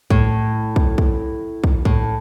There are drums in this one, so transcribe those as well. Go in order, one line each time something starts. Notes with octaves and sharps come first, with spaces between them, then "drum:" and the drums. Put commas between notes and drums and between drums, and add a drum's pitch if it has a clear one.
A2, drum: kick
drum: kick
drum: kick
drum: kick
A2, drum: kick